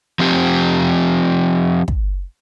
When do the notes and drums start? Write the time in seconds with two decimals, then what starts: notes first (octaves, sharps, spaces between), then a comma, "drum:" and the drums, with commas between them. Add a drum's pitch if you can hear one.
0.19 F3 C4 G4
1.88 drum: kick